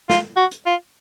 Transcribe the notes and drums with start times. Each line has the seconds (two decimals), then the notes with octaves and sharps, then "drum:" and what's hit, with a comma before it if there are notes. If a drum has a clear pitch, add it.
0.10 F4, drum: snare
0.37 F#4
0.51 drum: hi-hat
0.66 F4